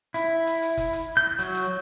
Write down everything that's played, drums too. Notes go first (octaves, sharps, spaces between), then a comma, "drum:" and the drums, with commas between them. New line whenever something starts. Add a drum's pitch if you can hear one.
E4, drum: hi-hat
drum: hi-hat
drum: hi-hat
drum: kick F#1, hi-hat
drum: hi-hat
G6
F#3, drum: hi-hat
drum: hi-hat